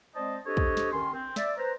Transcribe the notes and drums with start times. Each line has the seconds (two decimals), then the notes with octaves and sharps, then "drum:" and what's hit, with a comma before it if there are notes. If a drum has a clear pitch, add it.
0.15 G#3 C4 C5 D5 D#5 A5
0.46 D4 G4 A4 C5 C#5 D#5
0.57 drum: kick
0.77 drum: snare
0.92 D#3 C#4 C6
1.13 C4
1.36 D5 E5, drum: snare
1.57 B4 C5 A#5